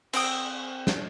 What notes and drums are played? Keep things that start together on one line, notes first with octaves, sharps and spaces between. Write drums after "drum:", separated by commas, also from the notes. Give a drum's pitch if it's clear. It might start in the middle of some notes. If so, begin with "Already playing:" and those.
C4 G5 D#6, drum: cymbal
drum: snare